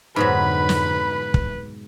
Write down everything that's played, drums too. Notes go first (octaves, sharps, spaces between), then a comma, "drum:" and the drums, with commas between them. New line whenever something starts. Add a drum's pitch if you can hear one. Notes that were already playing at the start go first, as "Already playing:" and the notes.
F2 G#2 B2 D3 F#3 B4 B5
drum: snare
drum: kick